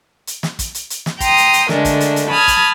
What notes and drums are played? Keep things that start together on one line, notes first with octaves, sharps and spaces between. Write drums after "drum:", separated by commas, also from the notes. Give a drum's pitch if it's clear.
drum: hi-hat
drum: snare
drum: kick, hi-hat
drum: hi-hat
drum: hi-hat
drum: snare
G5 A#5 C6 D#6, drum: kick, hi-hat
drum: hi-hat
drum: hi-hat
D3 G#3 A3 D4 A#4, drum: snare
drum: kick, hi-hat
drum: hi-hat
drum: hi-hat
A5 B5 D#6 F6 G#6
drum: kick, hi-hat